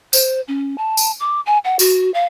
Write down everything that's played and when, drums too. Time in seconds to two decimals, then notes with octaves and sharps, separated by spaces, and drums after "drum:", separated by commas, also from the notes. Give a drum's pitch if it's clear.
0.13 C5, drum: tambourine
0.48 C#4
0.78 A5
0.97 drum: tambourine
1.20 D6
1.46 G#5
1.64 F#5
1.79 F#4, drum: tambourine
2.14 F5